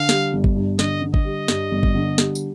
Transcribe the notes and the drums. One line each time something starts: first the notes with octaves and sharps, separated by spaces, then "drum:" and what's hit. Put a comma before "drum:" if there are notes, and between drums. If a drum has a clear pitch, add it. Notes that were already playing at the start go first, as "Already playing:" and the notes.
Already playing: D3 F5
G3, drum: snare
G1
drum: kick G#1
G2
D3 D#5, drum: snare
D3
D#5, drum: kick G#1
G3
G2, drum: snare
G1
drum: kick G#1
D3
G3, drum: snare
drum: tambourine